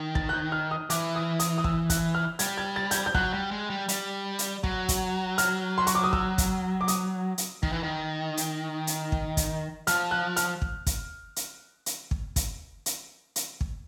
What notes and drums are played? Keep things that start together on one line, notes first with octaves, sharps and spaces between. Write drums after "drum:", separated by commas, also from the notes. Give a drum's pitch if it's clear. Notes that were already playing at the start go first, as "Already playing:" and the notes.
Already playing: D#3
A6, drum: kick
F#6
G6
F6
D#6
E3 D6, drum: hi-hat
D#6
D#6, drum: hi-hat
D#6
E6, drum: kick
F#6, drum: kick, hi-hat
F6
G3 G#6, drum: hi-hat
G#6
A6
G6, drum: hi-hat
G#6
G6
F#3 F#6, drum: kick
G3
G#3
G3
G3, drum: hi-hat
drum: hi-hat
F#3, drum: kick
drum: kick, hi-hat
F6, drum: hi-hat
C6
C#6, drum: hi-hat
D6
D#6
E6, drum: kick
drum: kick, hi-hat
D6
D#6, drum: hi-hat
drum: hi-hat
D#3, drum: kick
E3
D#3
drum: hi-hat
drum: hi-hat
drum: kick
drum: kick, hi-hat
F3 F6, drum: hi-hat
F#6
F6, drum: hi-hat
drum: kick
drum: kick, hi-hat
drum: hi-hat
drum: hi-hat
drum: kick
drum: kick, hi-hat
drum: hi-hat
drum: hi-hat
drum: kick